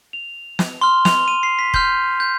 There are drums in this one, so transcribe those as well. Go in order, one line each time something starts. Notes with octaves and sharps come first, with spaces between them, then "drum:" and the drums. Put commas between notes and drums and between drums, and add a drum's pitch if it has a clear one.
F7
drum: snare
C6 F6 G7
F7, drum: snare
D#7
C7
B6
C6 F6 G6, drum: kick
G6